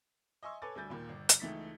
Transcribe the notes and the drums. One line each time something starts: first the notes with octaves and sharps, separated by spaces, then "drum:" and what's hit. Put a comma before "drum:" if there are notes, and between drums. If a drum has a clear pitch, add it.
D#5 E5 G#5 C6 C#6 E6
A4 B4 C#5 G#5 D6 A6
D2 G3 G#5 G6 A6
D#2 A#2
G1
drum: hi-hat
C#2 E3 A3 D#4 A6 B6